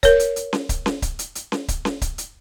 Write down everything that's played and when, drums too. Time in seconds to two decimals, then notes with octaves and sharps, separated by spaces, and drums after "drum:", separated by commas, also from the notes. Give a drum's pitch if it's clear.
0.03 A#4 C#5, drum: kick C#1, hi-hat
0.20 drum: hi-hat
0.36 drum: hi-hat
0.53 drum: snare C#4
0.69 drum: kick C#1, hi-hat
0.86 drum: snare C#4
1.02 drum: kick C#1, hi-hat
1.19 drum: hi-hat
1.35 drum: hi-hat
1.52 drum: snare C#4
1.68 drum: kick C#1, hi-hat
1.85 drum: snare C#4
2.02 drum: kick C#1, hi-hat
2.18 drum: hi-hat